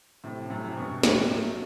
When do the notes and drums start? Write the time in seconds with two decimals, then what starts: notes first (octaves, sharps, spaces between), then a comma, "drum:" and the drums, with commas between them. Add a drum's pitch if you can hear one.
0.24 A2 C3
0.50 F#2 A2
0.66 C3
0.77 G2 B2
1.03 A2 C3, drum: snare
1.30 F#3 A3